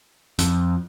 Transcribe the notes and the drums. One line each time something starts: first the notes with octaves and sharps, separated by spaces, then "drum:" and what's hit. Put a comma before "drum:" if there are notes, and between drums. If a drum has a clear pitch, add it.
F2, drum: hi-hat